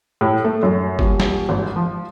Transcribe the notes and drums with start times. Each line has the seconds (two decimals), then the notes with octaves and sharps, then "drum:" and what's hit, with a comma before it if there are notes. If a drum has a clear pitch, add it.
0.21 A2
0.45 A3
0.63 F#2
0.99 D#1, drum: kick F#1
1.20 drum: snare
1.49 G#1
1.76 F3